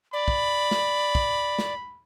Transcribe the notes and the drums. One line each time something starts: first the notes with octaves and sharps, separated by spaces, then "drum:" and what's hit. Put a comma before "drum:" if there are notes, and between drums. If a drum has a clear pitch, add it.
D5 B5
drum: kick
drum: snare
drum: kick
drum: snare